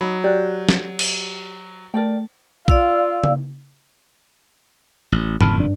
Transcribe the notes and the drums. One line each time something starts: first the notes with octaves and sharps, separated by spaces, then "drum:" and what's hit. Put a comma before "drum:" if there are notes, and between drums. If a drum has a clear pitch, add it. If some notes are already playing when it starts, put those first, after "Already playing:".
F#3 D#4 B5
F#4 G4 D5
drum: snare
drum: cymbal
A3 A#4 D5 G5 A5
F4 D5 F5 E6, drum: kick A#1
drum: tom C#3
A1
F#1 F2 D#3 A5 B5 F6, drum: tom G#2
G2 D4